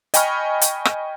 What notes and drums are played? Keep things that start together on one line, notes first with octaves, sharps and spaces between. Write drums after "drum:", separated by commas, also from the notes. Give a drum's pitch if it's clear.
D#5 G5 G#5 B5 C#6 F6, drum: hi-hat
drum: hi-hat
drum: rim click